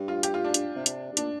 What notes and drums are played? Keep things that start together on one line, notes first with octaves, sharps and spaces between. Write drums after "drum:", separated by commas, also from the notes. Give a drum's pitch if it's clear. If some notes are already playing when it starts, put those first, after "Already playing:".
Already playing: G2
F4
G4, drum: hi-hat
F4
D4
G2, drum: hi-hat
C3
C3, drum: hi-hat
G2
A#2 D4, drum: hi-hat